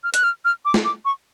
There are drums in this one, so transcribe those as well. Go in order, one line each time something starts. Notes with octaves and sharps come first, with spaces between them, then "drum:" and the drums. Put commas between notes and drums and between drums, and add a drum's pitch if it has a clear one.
F6
F#6, drum: hi-hat
F6
F6
D6
drum: snare
D6
C#6